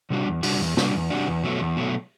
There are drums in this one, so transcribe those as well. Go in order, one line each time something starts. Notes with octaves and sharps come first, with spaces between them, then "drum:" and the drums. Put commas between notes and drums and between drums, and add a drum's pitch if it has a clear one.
C3 G3 D4 F#4
E2
C3 G3 D4 F#4, drum: open hi-hat
E2
C3 G3 D4 F#4, drum: snare
E2
C3 G3 D4 F#4
E2
B2 F#3 A3
E2
B2 F#3 A3